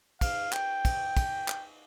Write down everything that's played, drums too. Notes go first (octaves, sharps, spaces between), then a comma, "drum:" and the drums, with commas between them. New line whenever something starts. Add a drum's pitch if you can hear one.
F5, drum: kick, cymbal
G5, drum: clap
drum: kick, cymbal
drum: kick, cymbal
drum: clap